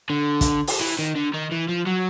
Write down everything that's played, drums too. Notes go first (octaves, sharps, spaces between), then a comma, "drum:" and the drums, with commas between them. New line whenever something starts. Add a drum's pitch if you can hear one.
D3
drum: kick, hi-hat
drum: open hi-hat
E3
D#3
D3
D#3
E3
F3
F#3